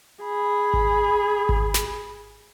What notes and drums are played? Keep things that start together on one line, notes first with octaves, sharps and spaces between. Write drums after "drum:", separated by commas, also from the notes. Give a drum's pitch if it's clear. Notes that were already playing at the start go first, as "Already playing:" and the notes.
G#4 B5
drum: kick G#1
drum: kick G#1
drum: snare